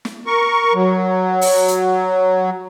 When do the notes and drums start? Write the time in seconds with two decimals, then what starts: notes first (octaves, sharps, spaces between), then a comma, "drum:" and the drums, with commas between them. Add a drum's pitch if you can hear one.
0.05 drum: snare
0.26 A#4 C#6
0.74 F#3
1.41 drum: open hi-hat
1.68 drum: hi-hat